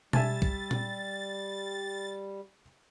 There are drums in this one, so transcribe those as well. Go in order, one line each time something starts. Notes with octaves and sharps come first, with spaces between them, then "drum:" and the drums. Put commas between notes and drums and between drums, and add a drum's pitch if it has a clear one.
G3 E5 G#5 A5 A6, drum: tom B2
drum: kick B1
drum: tom A#2